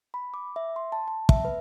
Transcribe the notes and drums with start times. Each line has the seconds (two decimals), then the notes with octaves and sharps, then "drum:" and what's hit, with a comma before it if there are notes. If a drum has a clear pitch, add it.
0.14 B5
0.34 D6
0.56 E5
0.76 C6
0.92 A5
1.08 A5
1.29 E5, drum: kick
1.45 B4